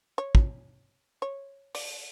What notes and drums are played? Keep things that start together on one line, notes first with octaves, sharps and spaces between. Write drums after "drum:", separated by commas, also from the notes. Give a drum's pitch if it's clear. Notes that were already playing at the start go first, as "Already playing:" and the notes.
C#5
drum: kick
C#5
D5, drum: open hi-hat